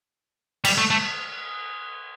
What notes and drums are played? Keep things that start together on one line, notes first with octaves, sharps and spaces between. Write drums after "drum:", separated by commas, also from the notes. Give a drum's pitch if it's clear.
G3, drum: cymbal
A3
A3